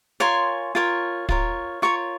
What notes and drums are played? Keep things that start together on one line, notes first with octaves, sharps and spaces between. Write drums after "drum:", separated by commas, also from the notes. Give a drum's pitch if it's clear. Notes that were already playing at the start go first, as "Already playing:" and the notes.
F4 A#4 C#5 G#5 C6
F4 A#4 C#5
F4 A#4 C#5, drum: kick
F4 A#4 C#5 C#6